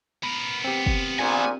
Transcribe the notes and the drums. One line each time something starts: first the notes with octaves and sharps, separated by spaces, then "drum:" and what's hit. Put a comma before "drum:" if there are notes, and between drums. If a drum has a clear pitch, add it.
B3 A#4 B5
C4 G4
drum: kick
A#1 A#2 G#5